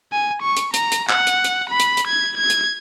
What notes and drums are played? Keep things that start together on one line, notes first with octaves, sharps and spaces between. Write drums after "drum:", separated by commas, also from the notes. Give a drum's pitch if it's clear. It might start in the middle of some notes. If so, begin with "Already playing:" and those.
G#5
C#6
drum: hi-hat
A#5, drum: hi-hat
drum: hi-hat
F#5, drum: clap
drum: hi-hat
drum: hi-hat
B5
drum: hi-hat
drum: hi-hat
G#6
G#6
drum: hi-hat